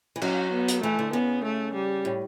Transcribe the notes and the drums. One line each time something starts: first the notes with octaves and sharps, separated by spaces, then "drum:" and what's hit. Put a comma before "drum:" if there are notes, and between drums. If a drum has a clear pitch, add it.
E3
F#3 C#4, drum: cymbal
B3
drum: hi-hat
E3 A3
D3
C#3 B3
A3
G3
A2